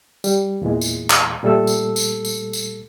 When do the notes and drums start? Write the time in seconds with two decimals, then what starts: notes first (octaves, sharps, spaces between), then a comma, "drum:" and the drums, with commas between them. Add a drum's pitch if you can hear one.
0.24 G3, drum: tambourine
0.62 E2 A#2 E3 G#3
0.81 drum: tambourine
1.10 drum: clap
1.43 A#2 G3 A3 A4 E6
1.67 drum: tambourine
1.96 drum: tambourine
2.25 drum: tambourine
2.53 drum: tambourine